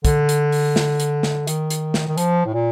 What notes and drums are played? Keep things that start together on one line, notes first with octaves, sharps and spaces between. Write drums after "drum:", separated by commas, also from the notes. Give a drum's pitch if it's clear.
D3, drum: kick, hi-hat
drum: hi-hat
drum: open hi-hat
drum: snare
drum: hi-hat
drum: snare
D#3, drum: hi-hat
drum: hi-hat
drum: snare
D#3
F3, drum: hi-hat
A2
A#2